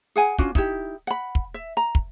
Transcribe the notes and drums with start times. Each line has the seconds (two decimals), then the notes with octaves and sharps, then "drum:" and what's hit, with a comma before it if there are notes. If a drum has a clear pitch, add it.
0.16 G#4 F#5 G#5
0.38 C#4 D4 F4 F#4, drum: kick
0.55 D#4 E4 G4, drum: kick
1.07 F#5 B5
1.35 drum: kick
1.54 E5
1.77 A#5
1.95 drum: kick